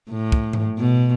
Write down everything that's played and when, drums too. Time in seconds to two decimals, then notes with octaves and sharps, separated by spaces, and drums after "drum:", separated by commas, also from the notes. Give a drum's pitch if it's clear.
0.11 A2
0.32 drum: kick
0.53 drum: tom G#2
0.78 B2